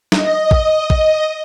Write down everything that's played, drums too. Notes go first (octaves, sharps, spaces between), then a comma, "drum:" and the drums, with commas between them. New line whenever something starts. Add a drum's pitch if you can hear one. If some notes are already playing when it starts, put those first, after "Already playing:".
D#5, drum: snare
drum: kick
drum: kick